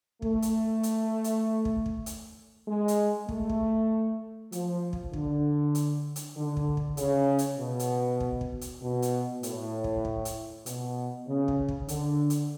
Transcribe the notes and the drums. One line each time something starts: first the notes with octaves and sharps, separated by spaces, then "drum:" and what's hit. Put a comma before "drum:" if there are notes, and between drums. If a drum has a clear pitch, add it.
A3, drum: kick
drum: hi-hat
drum: hi-hat
drum: hi-hat
drum: kick
drum: kick
drum: hi-hat
G#3
drum: hi-hat
A3, drum: kick
drum: kick
F3, drum: hi-hat
drum: kick
D3, drum: kick
drum: hi-hat
drum: hi-hat
D3
drum: kick
drum: kick
C#3, drum: hi-hat
drum: hi-hat
B2
drum: hi-hat
drum: kick
drum: kick
drum: hi-hat
B2
drum: hi-hat
A2, drum: hi-hat
drum: kick
drum: kick
drum: hi-hat
B2, drum: hi-hat
C#3
drum: kick
drum: kick
D3, drum: hi-hat
drum: hi-hat